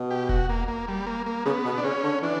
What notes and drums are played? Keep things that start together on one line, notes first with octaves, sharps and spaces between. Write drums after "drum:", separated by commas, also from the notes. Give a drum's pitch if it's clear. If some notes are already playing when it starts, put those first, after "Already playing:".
Already playing: B2
G4
F#4, drum: kick E1
A#3
A#3
G3
A#3
A#3
C#3 B3
B2
D4
C#3 C#4
D3
E3 D4